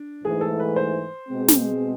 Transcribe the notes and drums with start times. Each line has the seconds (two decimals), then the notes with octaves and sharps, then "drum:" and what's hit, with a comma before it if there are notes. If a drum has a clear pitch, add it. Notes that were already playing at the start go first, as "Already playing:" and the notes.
Already playing: D4
0.24 G#2 E3 A3 G#4
0.41 A4
0.60 B4
0.76 C5
1.28 B2 G#3 C4
1.48 drum: snare